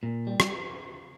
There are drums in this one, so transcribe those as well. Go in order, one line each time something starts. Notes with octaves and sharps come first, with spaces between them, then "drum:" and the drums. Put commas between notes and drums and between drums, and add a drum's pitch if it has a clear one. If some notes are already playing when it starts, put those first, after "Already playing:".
A#2
G3
drum: rim click